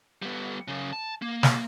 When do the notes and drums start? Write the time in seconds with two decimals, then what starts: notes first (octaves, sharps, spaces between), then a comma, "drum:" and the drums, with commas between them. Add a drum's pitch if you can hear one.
0.22 G3 B3
0.68 F#2 C#3
0.93 A5
1.22 A#3
1.43 drum: snare